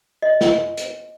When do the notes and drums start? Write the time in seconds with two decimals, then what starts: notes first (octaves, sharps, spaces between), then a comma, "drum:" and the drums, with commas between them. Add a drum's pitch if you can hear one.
0.22 D#5
0.41 drum: snare
0.77 drum: hi-hat